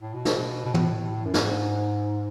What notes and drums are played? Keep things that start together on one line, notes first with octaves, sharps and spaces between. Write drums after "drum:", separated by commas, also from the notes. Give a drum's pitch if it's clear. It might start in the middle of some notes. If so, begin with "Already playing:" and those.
A2
B2
drum: snare
B2
A2, drum: tom
F#2
G#2, drum: snare